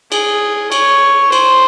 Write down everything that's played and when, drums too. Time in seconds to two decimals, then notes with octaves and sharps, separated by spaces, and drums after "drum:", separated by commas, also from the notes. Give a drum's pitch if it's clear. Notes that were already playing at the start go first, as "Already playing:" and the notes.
0.12 G#4, drum: cymbal
0.72 C#5, drum: cymbal
1.32 C5, drum: cymbal